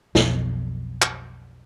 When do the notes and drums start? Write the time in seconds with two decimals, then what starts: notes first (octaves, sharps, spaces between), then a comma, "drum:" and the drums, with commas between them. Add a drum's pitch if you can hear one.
0.15 B1 F2 B2, drum: snare
1.02 drum: clap